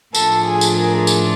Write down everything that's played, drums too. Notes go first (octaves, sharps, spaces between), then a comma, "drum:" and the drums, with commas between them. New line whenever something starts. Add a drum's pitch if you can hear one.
A2 F3 A3 D4 F4 A4, drum: tambourine
G#4
drum: tambourine
G#4 A#4
drum: tambourine